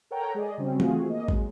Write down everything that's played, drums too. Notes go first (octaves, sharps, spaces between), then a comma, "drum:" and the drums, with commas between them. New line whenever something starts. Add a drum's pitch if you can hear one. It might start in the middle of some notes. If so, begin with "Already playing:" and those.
A4 A#4 C#5 F#5 G5 A#5
G#3 G#4 D5 D#5
C#3 F#3 G3 C4 C#4
A3 C4 F4 F#4 G#4, drum: tom E3
A#3 D#5
F#3 G#3, drum: kick